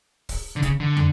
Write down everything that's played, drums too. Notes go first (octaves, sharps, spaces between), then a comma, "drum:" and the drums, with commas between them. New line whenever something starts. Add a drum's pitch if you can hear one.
drum: kick, open hi-hat
D3
C#3, drum: kick, hi-hat
D3
drum: tom